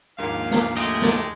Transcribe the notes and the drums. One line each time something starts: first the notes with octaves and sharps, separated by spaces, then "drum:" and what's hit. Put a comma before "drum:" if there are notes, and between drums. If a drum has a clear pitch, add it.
A#1 D#2 G#2 A#3 F5
drum: snare
G#3 A3 G4 D#5, drum: hi-hat
drum: snare